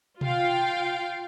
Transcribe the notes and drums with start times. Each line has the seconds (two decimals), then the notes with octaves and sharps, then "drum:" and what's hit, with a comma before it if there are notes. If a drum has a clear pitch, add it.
0.21 F4 F5 G5, drum: tom B2